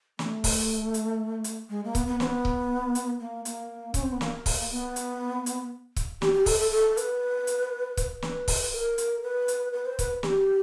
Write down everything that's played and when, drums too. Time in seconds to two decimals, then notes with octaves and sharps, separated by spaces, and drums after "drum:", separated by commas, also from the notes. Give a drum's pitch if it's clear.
0.19 A3, drum: snare
0.44 drum: kick C#1, open hi-hat
0.94 drum: hi-hat
1.44 drum: hi-hat
1.70 G#3
1.85 A#3
1.95 B3, drum: kick C#1, hi-hat
2.07 B3
2.20 C4, drum: snare
2.24 B3
2.45 drum: kick C#1
2.95 drum: hi-hat
3.20 A#3
3.45 A#3, drum: hi-hat
3.94 C#4, drum: kick C#1, hi-hat
4.03 C4
4.12 B3
4.21 A#3, drum: snare
4.46 drum: kick C#1, open hi-hat
4.71 B3
4.96 drum: hi-hat
5.46 drum: hi-hat
5.96 drum: kick C#1, hi-hat
6.22 G4, drum: snare
6.34 G4
6.46 A4, drum: kick C#1, open hi-hat
6.59 A4
6.71 A4
6.97 B4, drum: hi-hat
7.47 drum: hi-hat
7.97 drum: kick C#1, hi-hat
8.22 B4, drum: snare
8.48 drum: kick C#1, open hi-hat
8.73 A#4
8.98 drum: hi-hat
9.23 B4
9.48 drum: hi-hat
9.73 B4
9.86 C5
9.99 B4, drum: kick C#1, hi-hat
10.23 G#4, drum: snare
10.26 G4